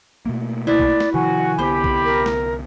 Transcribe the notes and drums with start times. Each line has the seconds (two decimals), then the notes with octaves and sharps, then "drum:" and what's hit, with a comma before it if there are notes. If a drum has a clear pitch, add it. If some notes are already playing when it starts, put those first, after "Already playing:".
0.26 B2 A3 A#3
0.67 E4 B4 C5 D5
0.79 drum: kick A#1
1.00 drum: snare
1.14 C3 D#3 F3 F#4 G#5
1.59 C2 D3 B3 G4 C5 B5
1.84 drum: kick A#1
2.05 A#4
2.26 drum: snare